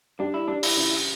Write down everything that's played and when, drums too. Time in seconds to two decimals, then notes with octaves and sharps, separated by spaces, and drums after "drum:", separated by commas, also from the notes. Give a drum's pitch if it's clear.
0.20 G3 D4
0.34 E4
0.48 G3 D4
0.63 E4, drum: open hi-hat
0.77 C#3